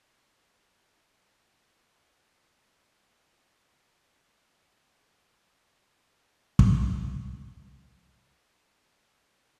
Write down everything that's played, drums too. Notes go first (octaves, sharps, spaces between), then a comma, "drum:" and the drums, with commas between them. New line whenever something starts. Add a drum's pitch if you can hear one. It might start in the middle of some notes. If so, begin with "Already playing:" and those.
Already playing: A2 F3
F#5
A2 F3
F5
B2 D5
C#5
B2 C#5
A2 F3 D5
F#5
A2 F3 G#5
A2 F3 F5
C#5
A2 F3 D5
F#5
B2 F5
B2
drum: kick